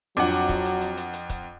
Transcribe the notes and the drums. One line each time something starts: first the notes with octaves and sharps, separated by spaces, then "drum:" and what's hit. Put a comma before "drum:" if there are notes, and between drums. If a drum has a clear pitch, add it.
F2 F#3 C4 D4 F4 F#5 D6, drum: hi-hat
drum: hi-hat
drum: kick C#1, hi-hat
drum: hi-hat
drum: hi-hat
drum: hi-hat
drum: hi-hat
drum: kick C#1, hi-hat